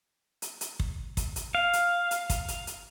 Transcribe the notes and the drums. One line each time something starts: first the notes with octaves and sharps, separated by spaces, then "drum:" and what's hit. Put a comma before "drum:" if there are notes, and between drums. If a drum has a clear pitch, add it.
drum: hi-hat
drum: hi-hat
drum: kick
drum: kick, hi-hat
drum: hi-hat
F5
drum: hi-hat
drum: hi-hat
drum: kick, hi-hat
drum: hi-hat
drum: hi-hat